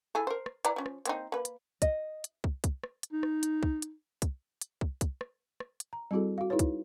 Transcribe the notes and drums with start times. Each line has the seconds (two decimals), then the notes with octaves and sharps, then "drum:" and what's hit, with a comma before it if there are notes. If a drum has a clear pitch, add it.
0.15 E4 G#4 A4
0.27 A#4 C5
0.46 drum: rim click
0.65 E3 D5 A#5, drum: hi-hat
0.76 F3 C#4
0.86 drum: rim click
1.05 A#3 C4 D#4, drum: hi-hat
1.32 A#3 B4
1.45 drum: hi-hat
1.82 D#5, drum: kick, hi-hat
2.24 drum: hi-hat
2.44 drum: kick
2.64 drum: kick, hi-hat
2.83 drum: rim click
3.03 drum: hi-hat
3.13 D#4
3.23 drum: rim click
3.43 drum: hi-hat
3.63 drum: kick
3.82 drum: hi-hat
4.22 drum: kick, hi-hat
4.61 drum: hi-hat
4.81 drum: kick
5.01 drum: kick, hi-hat
5.21 drum: rim click
5.60 drum: rim click
5.80 drum: hi-hat
5.93 A#5
6.11 G3 C4 E4 F#4 G#4 A4
6.38 F#4 F5
6.50 D#4 E4 G#4 B4 C#5
6.59 drum: kick, hi-hat